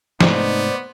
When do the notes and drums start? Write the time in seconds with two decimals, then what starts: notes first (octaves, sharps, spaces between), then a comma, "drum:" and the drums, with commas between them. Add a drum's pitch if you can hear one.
0.21 G#2 C3 A3 B3 D#4 C5 D5, drum: snare